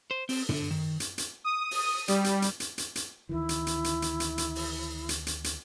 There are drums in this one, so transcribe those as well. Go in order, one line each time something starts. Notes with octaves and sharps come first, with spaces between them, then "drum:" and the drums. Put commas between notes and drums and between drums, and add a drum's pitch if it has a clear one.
C5
C4, drum: open hi-hat
D3, drum: tom
D#3
drum: hi-hat
drum: hi-hat
D#6
drum: open hi-hat
G3, drum: hi-hat
drum: hi-hat
drum: hi-hat
drum: hi-hat
drum: hi-hat
drum: hi-hat
D2 D#3 E3 E4
drum: hi-hat
drum: hi-hat
drum: hi-hat
drum: hi-hat
drum: hi-hat
drum: hi-hat
drum: open hi-hat
drum: hi-hat
drum: hi-hat
drum: hi-hat